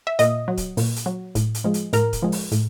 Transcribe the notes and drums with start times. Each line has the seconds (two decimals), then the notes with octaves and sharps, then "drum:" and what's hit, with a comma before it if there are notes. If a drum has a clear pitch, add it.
0.07 E5
0.19 A#2 D#5, drum: hi-hat
0.48 F#3
0.57 drum: kick C#1, hi-hat
0.77 A#2, drum: open hi-hat
0.96 drum: hi-hat
1.06 F#3
1.35 A2, drum: kick C#1, hi-hat
1.55 drum: hi-hat
1.64 F3 G#3
1.74 drum: hi-hat
1.93 A2 A#4, drum: hi-hat
2.13 drum: kick C#1, hi-hat
2.23 F3 G#3
2.32 drum: open hi-hat
2.52 A2, drum: hi-hat